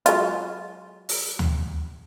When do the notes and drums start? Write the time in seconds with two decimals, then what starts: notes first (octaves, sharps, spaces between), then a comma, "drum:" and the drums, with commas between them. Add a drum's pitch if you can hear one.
0.06 F#3 G#3 F4, drum: hi-hat
1.09 drum: open hi-hat
1.39 drum: tom D2